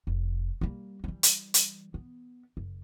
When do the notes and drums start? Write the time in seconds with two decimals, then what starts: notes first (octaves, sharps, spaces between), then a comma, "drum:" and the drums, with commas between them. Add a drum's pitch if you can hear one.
0.07 F1
0.61 G3 A#3
1.04 E3 G3
1.23 drum: hi-hat
1.54 drum: hi-hat
1.94 B3
2.57 F#1